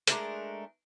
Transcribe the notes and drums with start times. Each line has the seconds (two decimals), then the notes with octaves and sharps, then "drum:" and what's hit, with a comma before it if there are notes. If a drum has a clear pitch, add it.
0.07 G#3 A3 D4 A#4, drum: hi-hat